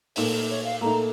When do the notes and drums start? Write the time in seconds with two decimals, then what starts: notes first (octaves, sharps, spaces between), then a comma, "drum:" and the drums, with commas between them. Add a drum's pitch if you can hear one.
0.16 A#2 A3 D#4 A4, drum: open hi-hat
0.32 A#4
0.50 C#5
0.65 F5
0.81 A#2 A3 D#4 A#5